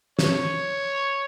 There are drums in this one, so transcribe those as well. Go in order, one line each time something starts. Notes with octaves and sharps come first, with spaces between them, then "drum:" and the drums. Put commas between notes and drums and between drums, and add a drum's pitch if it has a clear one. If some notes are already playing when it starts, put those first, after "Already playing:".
C#5, drum: snare